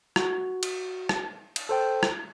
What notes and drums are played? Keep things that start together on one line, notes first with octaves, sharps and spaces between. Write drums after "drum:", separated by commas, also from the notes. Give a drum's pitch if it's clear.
F#4, drum: rim click
drum: cymbal
drum: rim click
drum: cymbal
A4 C5 G5
drum: rim click